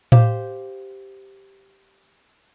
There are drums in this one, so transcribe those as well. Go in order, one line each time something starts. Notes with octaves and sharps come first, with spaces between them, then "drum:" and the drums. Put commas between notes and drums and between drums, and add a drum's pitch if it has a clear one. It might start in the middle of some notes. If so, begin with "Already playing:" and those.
G4 C5 F5, drum: tom A2